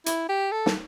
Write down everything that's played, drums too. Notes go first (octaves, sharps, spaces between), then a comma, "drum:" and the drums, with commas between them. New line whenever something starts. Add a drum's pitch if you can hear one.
E4, drum: hi-hat
G4
A4
drum: snare